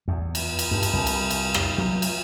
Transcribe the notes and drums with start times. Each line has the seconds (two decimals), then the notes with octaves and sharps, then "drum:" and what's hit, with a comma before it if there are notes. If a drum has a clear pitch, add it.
0.08 E2
0.35 drum: cymbal
0.59 drum: cymbal
0.71 G2
0.83 drum: cymbal
0.93 C2
1.07 drum: cymbal
1.30 drum: cymbal
1.54 drum: rim click
1.78 F#3
2.02 drum: cymbal